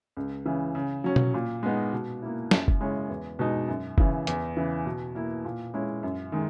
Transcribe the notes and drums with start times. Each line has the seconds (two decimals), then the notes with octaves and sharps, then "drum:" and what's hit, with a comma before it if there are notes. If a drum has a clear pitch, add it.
0.17 C#2
0.45 C#3 E3
0.75 C#3
1.04 F#3 C#4
1.16 drum: tom B2
1.34 A#2
1.63 G#3 B3 D#4
1.93 B2
2.22 A#3 E4
2.51 F#2, drum: snare
2.68 drum: kick
2.81 C#3 G#3 C#4 E4
3.09 E2
3.39 B2 G#3 D#4
3.68 F#2
3.98 C#3 E3, drum: kick
4.27 E2, drum: hi-hat
4.57 C#3 E3
4.86 B2
5.15 A#3 E4
5.45 A#2
5.74 G#3 C#4 E4
6.03 F#2
6.32 D#3 G#3